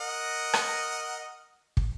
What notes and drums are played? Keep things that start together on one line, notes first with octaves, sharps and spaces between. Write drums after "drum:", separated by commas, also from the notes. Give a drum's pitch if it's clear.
A#4 D#5 F#5
drum: rim click
drum: kick